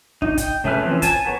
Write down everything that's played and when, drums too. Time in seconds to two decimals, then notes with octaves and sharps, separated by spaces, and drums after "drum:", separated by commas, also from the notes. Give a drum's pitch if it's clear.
0.22 D#4, drum: kick
0.38 G5, drum: kick, hi-hat
0.64 C#3 A3 G#4 B4 F6
0.82 E3 F3 C4 C#4
1.02 G#5 A5, drum: kick, hi-hat
1.25 B3 A#4 C#5